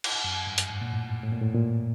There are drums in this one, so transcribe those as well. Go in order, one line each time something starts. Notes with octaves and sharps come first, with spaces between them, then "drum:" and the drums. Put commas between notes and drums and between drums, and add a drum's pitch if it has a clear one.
drum: cymbal
F#2
G2
drum: hi-hat
G#2
A#2
A2
A2
A#2
A2
A#2